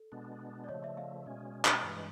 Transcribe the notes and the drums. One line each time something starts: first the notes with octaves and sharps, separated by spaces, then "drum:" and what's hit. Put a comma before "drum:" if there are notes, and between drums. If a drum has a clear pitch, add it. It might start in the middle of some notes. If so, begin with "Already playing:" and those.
Already playing: A4
B2 G#3 B3 D4
D5
C#3 F3 A3 C#5 D#5
D5 E5
D#5 F5
B2 G#3 C#4
drum: clap
G2 E3 G#3